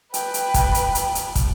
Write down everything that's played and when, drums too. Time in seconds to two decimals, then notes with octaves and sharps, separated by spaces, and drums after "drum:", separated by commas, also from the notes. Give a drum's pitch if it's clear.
0.14 B4 G5, drum: hi-hat
0.34 drum: hi-hat
0.54 drum: kick, hi-hat
0.75 drum: hi-hat
0.95 drum: hi-hat
1.15 drum: hi-hat
1.35 drum: kick, hi-hat